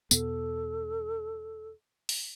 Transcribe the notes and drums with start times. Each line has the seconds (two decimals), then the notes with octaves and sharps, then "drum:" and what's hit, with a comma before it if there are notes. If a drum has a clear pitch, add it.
0.11 E2 B2 B3 A4, drum: tambourine
2.09 drum: open hi-hat